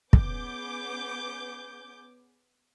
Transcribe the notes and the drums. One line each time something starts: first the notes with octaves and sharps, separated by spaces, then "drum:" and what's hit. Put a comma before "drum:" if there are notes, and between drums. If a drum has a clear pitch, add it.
B3 C#4 G#4 D6 G6, drum: kick